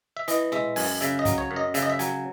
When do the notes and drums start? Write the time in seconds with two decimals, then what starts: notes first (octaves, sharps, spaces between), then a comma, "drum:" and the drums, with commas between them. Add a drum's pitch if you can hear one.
0.17 E5
0.28 E3 D#5, drum: hi-hat
0.52 G#3 E5, drum: tom A#2
0.76 F#2 G#5, drum: open hi-hat
1.01 C#3 E5, drum: hi-hat
1.19 D#5
1.25 F#3, drum: kick, hi-hat
1.38 C#5
1.51 F#2
1.56 D#5
1.74 C#3 E5, drum: hi-hat
1.82 D#5
1.90 E5
1.99 F#3 G#5, drum: hi-hat